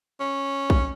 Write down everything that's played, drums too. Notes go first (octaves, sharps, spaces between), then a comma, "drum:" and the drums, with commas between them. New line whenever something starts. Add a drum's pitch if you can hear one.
C#4
drum: kick